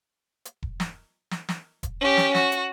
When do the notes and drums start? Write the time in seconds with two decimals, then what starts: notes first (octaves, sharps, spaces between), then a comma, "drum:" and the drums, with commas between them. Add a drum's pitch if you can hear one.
0.45 drum: hi-hat
0.63 drum: kick E1
0.80 drum: snare
1.31 drum: snare
1.49 drum: snare
1.83 drum: kick E1, hi-hat
2.00 C#4 G4
2.17 drum: snare
2.35 F#4, drum: snare
2.52 drum: hi-hat